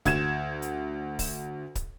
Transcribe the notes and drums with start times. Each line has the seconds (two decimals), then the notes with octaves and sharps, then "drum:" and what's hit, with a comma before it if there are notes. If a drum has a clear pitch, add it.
0.05 D2 G#6 E7, drum: kick C#1, hi-hat
0.62 drum: hi-hat
1.19 drum: kick C#1, open hi-hat
1.75 drum: kick C#1, hi-hat